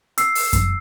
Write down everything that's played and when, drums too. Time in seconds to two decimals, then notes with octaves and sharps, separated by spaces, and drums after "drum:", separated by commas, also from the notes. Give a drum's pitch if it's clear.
0.18 E6 C7, drum: hi-hat
0.35 drum: open hi-hat
0.53 drum: kick F#2, hi-hat